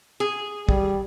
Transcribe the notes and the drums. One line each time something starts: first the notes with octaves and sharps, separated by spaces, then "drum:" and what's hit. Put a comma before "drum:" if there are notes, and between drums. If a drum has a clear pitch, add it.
G#4
G3, drum: kick